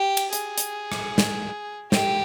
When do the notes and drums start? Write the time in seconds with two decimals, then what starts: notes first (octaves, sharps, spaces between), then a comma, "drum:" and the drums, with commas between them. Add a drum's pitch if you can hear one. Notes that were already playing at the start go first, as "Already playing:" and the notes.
Already playing: G4
0.17 drum: cymbal
0.33 G#4, drum: hi-hat
0.58 drum: hi-hat
0.92 drum: rim click
1.18 drum: snare
1.92 G4, drum: snare